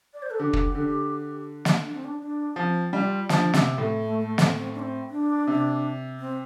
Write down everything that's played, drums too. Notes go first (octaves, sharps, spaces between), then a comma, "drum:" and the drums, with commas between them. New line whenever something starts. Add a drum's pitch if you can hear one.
D5
C5
A4
D3 G4
drum: kick
D3
drum: snare
D4
C4
D4
D4
F3 C4
G3 F4
F3 D4, drum: snare
C3, drum: snare
C4
A2
A3
A3
C4, drum: snare
C4
D4
C4
D4
C3
C4